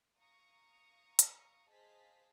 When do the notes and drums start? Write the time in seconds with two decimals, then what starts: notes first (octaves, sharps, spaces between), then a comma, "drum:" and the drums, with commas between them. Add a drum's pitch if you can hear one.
0.19 F5 A#5 C#6 D#6
1.19 drum: hi-hat
1.71 G#4 C5 D#5 F5 A5 B6